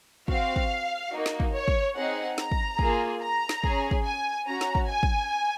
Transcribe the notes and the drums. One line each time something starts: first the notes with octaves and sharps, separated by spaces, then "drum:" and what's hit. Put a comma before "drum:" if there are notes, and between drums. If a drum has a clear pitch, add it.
C4 F#4 F5, drum: kick
drum: kick
A#3 D#4 F#4
drum: snare
drum: kick
C#5
drum: kick
C4 D#4 G#4 F#5
A#5, drum: snare
drum: kick
A#3 F4 G#4, drum: kick
A#5
drum: snare
C#4 G#4, drum: kick
drum: kick
G#5
C#4 F#4 A#5
drum: snare
drum: kick
G#5
drum: kick